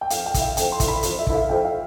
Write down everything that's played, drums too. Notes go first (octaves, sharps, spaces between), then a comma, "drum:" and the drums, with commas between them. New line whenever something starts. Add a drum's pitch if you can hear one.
G5
F2 F5, drum: hi-hat
G5
D3 A3 E4, drum: kick, hi-hat
F5
F2 G5, drum: hi-hat
C6
D3 A3 E4, drum: kick, hi-hat
B5
F2, drum: hi-hat
E5
D3 A3 E4, drum: kick
F5
F2 G5
F5